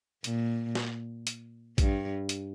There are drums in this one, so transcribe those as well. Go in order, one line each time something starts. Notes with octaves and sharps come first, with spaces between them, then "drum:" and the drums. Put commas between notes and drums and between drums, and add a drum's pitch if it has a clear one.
A#2, drum: hi-hat
drum: snare
drum: hi-hat
G2, drum: kick, hi-hat
drum: hi-hat